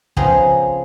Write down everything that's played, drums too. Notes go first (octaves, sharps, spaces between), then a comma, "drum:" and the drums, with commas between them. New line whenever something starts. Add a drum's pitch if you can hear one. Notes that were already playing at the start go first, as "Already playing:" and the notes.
C#3 F3 B3 C4 G#4 A#5, drum: kick